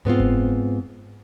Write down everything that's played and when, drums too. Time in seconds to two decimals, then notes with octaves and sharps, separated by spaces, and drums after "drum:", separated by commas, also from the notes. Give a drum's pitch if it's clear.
0.05 G#2 B3 C4 F4
0.20 drum: kick F#1